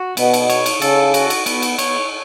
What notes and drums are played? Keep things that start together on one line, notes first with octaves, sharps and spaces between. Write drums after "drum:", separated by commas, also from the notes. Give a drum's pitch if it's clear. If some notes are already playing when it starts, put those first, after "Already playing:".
Already playing: F#4
B2 B3, drum: cymbal
drum: cymbal
C#5, drum: cymbal
drum: cymbal
C#3 A4, drum: cymbal
F#4, drum: cymbal
drum: cymbal
B3, drum: cymbal
drum: cymbal
C#5, drum: cymbal